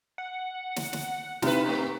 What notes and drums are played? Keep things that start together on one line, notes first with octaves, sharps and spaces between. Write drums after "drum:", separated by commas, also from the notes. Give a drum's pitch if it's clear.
F#5
drum: snare
drum: snare
C3 D#4 E4 B4, drum: snare
A3 C4